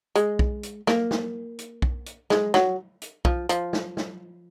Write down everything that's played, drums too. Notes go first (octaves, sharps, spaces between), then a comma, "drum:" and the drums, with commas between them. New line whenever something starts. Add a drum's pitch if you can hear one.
G#3, drum: hi-hat
drum: kick
drum: hi-hat
A#3, drum: snare
drum: snare
drum: hi-hat
drum: kick
drum: hi-hat
G#3, drum: snare
F#3, drum: snare
drum: hi-hat
F3, drum: kick
F3, drum: hi-hat
drum: snare
drum: snare